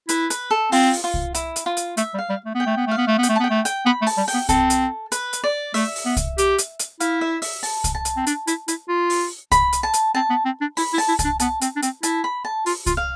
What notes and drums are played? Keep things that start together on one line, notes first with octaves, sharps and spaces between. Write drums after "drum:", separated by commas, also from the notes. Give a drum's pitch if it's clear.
E4 B4, drum: hi-hat
B4, drum: hi-hat
A4
C4 F4, drum: open hi-hat
drum: open hi-hat
F4
drum: kick C2
E4, drum: hi-hat
drum: hi-hat
F4
drum: hi-hat
A3 E5, drum: hi-hat
G3
F5
G3
A3
B3
G5
A3
B3
A3 F5
B3
A3
B3
G5, drum: hi-hat
A3
A5
B3 G5
A3
G5, drum: hi-hat
B3 B5
A3
A5, drum: open hi-hat
G3
G5, drum: open hi-hat
B3
C4 A4, drum: kick C2, hi-hat
drum: hi-hat
B4, drum: hi-hat
drum: hi-hat
D5
A3 E5, drum: open hi-hat
drum: open hi-hat
B3
drum: kick C2, hi-hat
G4, drum: hi-hat
drum: hi-hat
drum: hi-hat
E4 F5, drum: hi-hat
E5
E5, drum: open hi-hat
A5, drum: open hi-hat
drum: kick C2, hi-hat
A5
drum: hi-hat
C4
D4, drum: hi-hat
E4, drum: hi-hat
E4, drum: hi-hat
F4
drum: open hi-hat
B5, drum: kick C2, hi-hat
drum: hi-hat
A5
drum: hi-hat
C4 A5
B3
C4
D4
E4 B5, drum: open hi-hat
E4
A5, drum: open hi-hat
E4
A5, drum: kick C2, hi-hat
D4
B3 A5, drum: hi-hat
C4, drum: hi-hat
D4
C4, drum: hi-hat
E4 A5, drum: hi-hat
B5
A5
F4, drum: open hi-hat
F4, drum: kick C2, hi-hat
F5